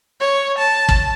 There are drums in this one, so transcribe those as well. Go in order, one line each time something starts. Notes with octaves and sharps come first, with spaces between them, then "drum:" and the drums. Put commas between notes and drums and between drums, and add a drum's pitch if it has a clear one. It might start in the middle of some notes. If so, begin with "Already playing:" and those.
C#5
A5
drum: kick